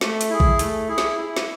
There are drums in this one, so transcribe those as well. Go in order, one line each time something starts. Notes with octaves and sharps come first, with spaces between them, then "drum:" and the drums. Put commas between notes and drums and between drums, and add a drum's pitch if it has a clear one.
A3, drum: snare
drum: hi-hat
E4 G#4
drum: kick A#1
A3, drum: hi-hat
E4 G#4
drum: snare
E4
drum: snare